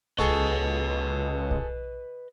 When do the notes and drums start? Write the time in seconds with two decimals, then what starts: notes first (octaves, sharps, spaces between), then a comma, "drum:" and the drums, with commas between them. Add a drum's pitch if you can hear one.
0.19 C#2 G#4 A4 B4 D#5 C#6, drum: kick
1.51 drum: kick